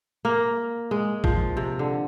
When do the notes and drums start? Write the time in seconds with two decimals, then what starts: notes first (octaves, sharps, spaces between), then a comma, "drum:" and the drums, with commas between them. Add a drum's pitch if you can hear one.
0.25 A#3
0.91 G#3
1.24 F3, drum: kick
1.57 C3
1.79 D3